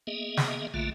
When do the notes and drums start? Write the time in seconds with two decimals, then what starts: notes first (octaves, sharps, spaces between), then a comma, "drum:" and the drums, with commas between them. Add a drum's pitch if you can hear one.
0.07 A#3 B3 G#4 D#5 E5
0.37 drum: snare
0.74 A#1 D3 A3 A#3 F4 E5